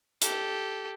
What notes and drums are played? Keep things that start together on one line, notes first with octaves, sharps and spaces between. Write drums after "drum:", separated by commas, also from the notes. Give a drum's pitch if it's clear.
G4 A4, drum: hi-hat